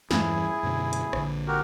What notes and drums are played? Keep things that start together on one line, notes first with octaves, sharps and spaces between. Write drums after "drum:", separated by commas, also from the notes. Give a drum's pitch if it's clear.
E2 G2 E3 E4 G#4, drum: snare G3
F#2 B2 D3
drum: hi-hat
A#1 D3, drum: rim click
F#4 G4 A#4